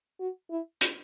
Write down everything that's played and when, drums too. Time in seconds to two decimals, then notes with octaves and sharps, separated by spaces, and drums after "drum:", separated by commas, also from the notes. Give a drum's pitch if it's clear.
0.20 F#4
0.50 E4
0.81 drum: hi-hat